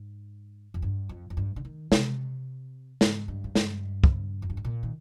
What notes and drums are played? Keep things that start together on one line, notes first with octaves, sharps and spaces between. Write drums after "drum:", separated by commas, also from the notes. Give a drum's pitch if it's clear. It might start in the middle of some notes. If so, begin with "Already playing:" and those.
Already playing: G#2
F2
G2
F2
F2
G2
D3
D#3
C3, drum: snare
G#2, drum: snare
G2
G#2
G2, drum: snare
drum: kick
F2
G2
G#2
A#2
D#3